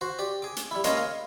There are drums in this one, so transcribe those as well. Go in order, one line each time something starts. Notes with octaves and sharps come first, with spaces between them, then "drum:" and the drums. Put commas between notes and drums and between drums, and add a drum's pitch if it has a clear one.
F#4 C5
G4 D5
G#4 D6
drum: hi-hat
G3 E4
G#3 A#3 C#4 C#5 D#5 C6, drum: hi-hat
F5